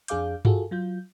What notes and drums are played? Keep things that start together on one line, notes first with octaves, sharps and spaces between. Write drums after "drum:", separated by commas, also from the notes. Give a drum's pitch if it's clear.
F2 D4 G#4 F5 D6 G6, drum: hi-hat
F4 F#4 G#4 A4, drum: tom G2
F#3 F4 G6